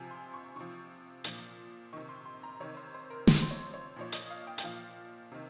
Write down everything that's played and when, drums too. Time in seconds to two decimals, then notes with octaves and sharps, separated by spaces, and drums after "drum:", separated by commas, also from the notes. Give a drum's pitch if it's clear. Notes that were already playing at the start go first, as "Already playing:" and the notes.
Already playing: C3 F3 G#5
0.11 C6
0.33 C#6
0.56 C3 F3 C#6
1.24 A#2 F3, drum: hi-hat
1.93 C3 D#3 C#6
2.09 C6
2.26 C6
2.43 A#5
2.60 C3 D#3 C#5
2.77 C5
2.94 C5
3.10 A#4
3.27 C3 F3 C5, drum: snare
3.42 C5
3.51 C#5
3.74 C#5
3.96 A#2 F3 C#5
4.12 D#5, drum: hi-hat
4.30 F5
4.47 G5
4.58 G5, drum: hi-hat
4.64 A#2 F3 F5
5.32 C3 D#3